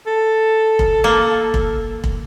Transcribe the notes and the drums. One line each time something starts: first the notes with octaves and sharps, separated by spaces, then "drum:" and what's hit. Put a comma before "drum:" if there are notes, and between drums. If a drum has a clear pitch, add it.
A4
drum: kick
A#3
drum: kick
drum: kick